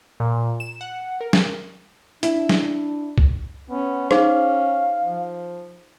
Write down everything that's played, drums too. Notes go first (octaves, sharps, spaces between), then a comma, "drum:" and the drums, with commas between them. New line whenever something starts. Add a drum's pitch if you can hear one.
A#2
E7
F#5
A#4
drum: snare
D4 E4, drum: hi-hat
drum: snare
drum: kick
B3 C#4
D#4 G#4 C5 F5, drum: rim click
F3